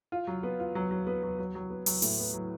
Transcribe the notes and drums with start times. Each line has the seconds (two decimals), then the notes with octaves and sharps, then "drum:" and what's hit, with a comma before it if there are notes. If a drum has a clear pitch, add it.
0.12 F4
0.27 F#3
0.43 B3
0.60 F4
0.75 F#3
0.91 F#3
1.07 B3
1.23 F#3
1.39 F#3
1.55 F#3
1.70 B3
1.86 F#3, drum: open hi-hat
2.02 A2, drum: open hi-hat
2.18 B3
2.34 F#3